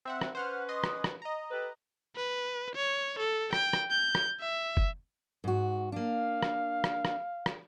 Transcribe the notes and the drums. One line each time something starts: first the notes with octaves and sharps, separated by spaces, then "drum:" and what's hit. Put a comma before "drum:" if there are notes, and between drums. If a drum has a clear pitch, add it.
C4 E5 F#5
drum: rim click
C#4 B4 C5 F#5 F6
D#5 C6 D#6
drum: rim click
drum: rim click
D#5 A#5
G4 A4 B4
B4
C#5
A4
G5, drum: rim click
drum: rim click
G6
drum: rim click
E5
drum: kick
G#2 F#4
A#3 D4 F5
drum: rim click
drum: rim click
drum: rim click
drum: rim click